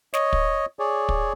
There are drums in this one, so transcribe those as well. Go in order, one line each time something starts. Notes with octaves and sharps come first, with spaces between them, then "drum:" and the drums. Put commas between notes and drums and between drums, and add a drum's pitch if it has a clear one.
C#5 D#5, drum: snare
drum: kick
G#4 C#5 D5
drum: kick